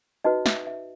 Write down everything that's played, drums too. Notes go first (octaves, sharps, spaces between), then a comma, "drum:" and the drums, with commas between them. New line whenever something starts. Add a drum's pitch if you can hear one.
D#4 F#4 B4 D#5
E5, drum: snare
E5